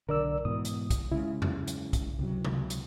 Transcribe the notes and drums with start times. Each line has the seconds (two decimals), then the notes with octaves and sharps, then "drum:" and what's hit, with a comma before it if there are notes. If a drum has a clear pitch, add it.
0.09 B1 D3 A#4 D5 E6
0.45 G#2 B2 E3 D#6
0.65 drum: hi-hat
0.90 drum: kick, hi-hat
1.12 C#3 G#3 E4
1.42 drum: tom E2
1.68 drum: hi-hat
1.93 drum: kick, hi-hat
2.19 C#2 C3 F#3
2.45 drum: tom C3
2.70 drum: hi-hat